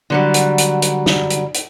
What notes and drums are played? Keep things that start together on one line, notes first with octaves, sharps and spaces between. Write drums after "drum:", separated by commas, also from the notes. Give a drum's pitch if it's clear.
D3 F#3 G3
drum: hi-hat
drum: hi-hat
drum: hi-hat
drum: snare
drum: hi-hat
drum: hi-hat